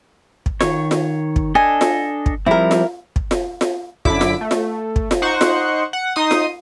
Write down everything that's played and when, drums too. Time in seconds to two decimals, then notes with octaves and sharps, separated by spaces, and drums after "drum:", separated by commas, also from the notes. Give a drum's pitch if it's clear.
0.46 drum: kick
0.61 D#3 C#5, drum: snare F4
0.91 drum: snare F4
1.36 drum: kick
1.55 D4 A4 D#5 G#5
1.81 drum: snare F4
2.26 drum: kick
2.46 F3 G3 C4 E4 A#4
2.71 drum: snare F4
3.16 drum: kick
3.31 drum: snare F4
3.61 drum: snare F4
4.05 F#2 D3 E4 D6 B6, drum: kick
4.21 drum: snare F4
4.41 A3
4.51 drum: snare F4
4.96 drum: kick
5.11 drum: snare F4
5.22 D#4 C5 F#5 C#6
5.41 drum: snare F4
5.93 F#5
6.16 D#4 C6 D#6
6.31 drum: snare F4